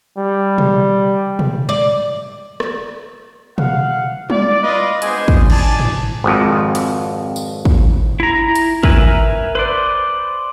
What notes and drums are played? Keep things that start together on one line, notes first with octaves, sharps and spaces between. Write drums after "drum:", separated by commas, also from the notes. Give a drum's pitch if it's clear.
G3
drum: tom B2
drum: tom B2
D5
drum: rim click
F5 F#5, drum: tom B2
D5, drum: tom G3
F4 B4 D5 D#5
G#3 B3 D4 C5 D#5 G#5, drum: hi-hat
drum: kick
D4 D#4 D5 G#5 A5, drum: cymbal
drum: tom G#2
G#1 F2
drum: hi-hat
drum: tambourine
drum: kick
E4 A#5
drum: hi-hat
A#4 B4 E5 G#5, drum: kick
B4 C5 D5